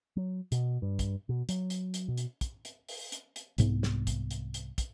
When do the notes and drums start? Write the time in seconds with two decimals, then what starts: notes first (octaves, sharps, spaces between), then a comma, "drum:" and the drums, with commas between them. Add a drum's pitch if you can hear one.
0.17 F#3
0.52 B2, drum: hi-hat
0.82 G2
0.99 drum: kick, hi-hat
1.29 B2
1.49 F#3, drum: hi-hat
1.70 drum: hi-hat
1.94 drum: hi-hat
2.08 B2
2.17 drum: hi-hat
2.41 drum: kick, hi-hat
2.65 drum: hi-hat
2.89 drum: open hi-hat
3.12 drum: hi-hat
3.36 drum: hi-hat
3.58 C2 G#2 B3, drum: hi-hat
3.83 drum: snare
4.07 drum: kick, hi-hat
4.31 drum: hi-hat
4.54 drum: hi-hat
4.78 drum: kick, hi-hat